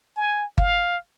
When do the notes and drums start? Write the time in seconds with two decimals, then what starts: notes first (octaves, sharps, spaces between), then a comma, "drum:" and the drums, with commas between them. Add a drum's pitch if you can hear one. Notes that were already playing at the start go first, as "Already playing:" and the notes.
0.17 G#5
0.58 F5, drum: kick G1